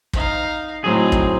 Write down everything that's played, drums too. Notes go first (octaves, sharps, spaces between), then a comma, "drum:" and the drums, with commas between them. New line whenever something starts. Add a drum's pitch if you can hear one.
D#4 F5, drum: kick
A2 F#3 C4 D#4 G#4
drum: kick